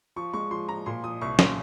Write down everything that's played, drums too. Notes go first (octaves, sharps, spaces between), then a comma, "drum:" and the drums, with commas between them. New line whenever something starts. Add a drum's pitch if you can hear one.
F3 C#6
G#3 C#6
F3 C6
F3 A#5
A#2 C6
F3 D#6
C2 C#6
A#2 C6, drum: snare